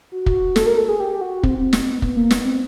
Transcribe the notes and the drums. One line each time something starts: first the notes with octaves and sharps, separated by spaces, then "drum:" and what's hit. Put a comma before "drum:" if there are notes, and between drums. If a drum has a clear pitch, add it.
F#4
drum: kick
A4, drum: snare
A#4
A4
G#4
G4
F#4
C4, drum: kick
C4
drum: snare
B3
B3, drum: kick
A#3
B3, drum: snare
C4